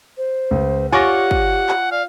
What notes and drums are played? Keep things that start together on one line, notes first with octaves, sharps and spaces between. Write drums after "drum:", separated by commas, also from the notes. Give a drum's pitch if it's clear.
C5
C#2
F4 G4 C#5 D5 F#5 G#5 C#6 A#6
drum: kick
drum: clap
D5 F5